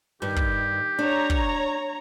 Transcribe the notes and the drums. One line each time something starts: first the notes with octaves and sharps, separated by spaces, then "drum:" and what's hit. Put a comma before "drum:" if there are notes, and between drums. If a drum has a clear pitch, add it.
G2 D#3 G4
drum: kick
D4 C#5 A#5
drum: kick